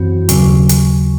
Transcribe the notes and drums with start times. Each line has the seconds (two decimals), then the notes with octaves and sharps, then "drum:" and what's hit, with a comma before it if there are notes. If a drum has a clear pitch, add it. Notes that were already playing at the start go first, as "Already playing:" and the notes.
Already playing: F#2 E3 C4 F#4
0.29 D#2 C#3 F#3, drum: hi-hat
0.69 drum: hi-hat